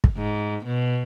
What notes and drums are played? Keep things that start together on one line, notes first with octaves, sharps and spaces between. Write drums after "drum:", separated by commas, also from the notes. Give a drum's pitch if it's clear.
drum: kick
G#2
B2